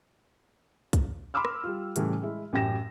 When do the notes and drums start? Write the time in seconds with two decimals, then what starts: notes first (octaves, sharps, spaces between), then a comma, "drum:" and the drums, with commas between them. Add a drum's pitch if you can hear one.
0.93 drum: kick, hi-hat
1.34 B5 C6 D6 E6 F6
1.45 drum: rim click
1.64 G3 F4
1.96 A2 C#3 E3 G3 A3 C#4, drum: hi-hat
2.22 G#3 E4
2.53 A1 F#2 G4 G5 A#6 E7